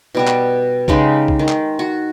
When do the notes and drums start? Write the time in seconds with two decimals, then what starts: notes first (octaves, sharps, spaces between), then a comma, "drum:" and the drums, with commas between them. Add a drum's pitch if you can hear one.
0.15 B2 G3 F#4
0.27 drum: clap
0.88 C#3 G#3 D#4 G4, drum: kick B1
1.28 drum: kick B1
1.39 D#3
1.49 drum: clap
1.79 F#4